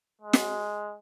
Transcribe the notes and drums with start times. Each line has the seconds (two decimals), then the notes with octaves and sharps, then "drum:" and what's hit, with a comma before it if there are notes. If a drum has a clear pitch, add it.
0.21 G#3
0.33 drum: snare